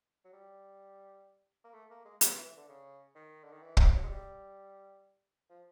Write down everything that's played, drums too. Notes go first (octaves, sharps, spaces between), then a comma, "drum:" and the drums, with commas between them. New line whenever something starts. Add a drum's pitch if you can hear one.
F#3
G3
A#3
A3
A#3
G#3
F#3, drum: hi-hat
E3
E3
D3
C#3
D#3
D3
D#3
E3
F3, drum: kick
F#3
G#3
G3
F3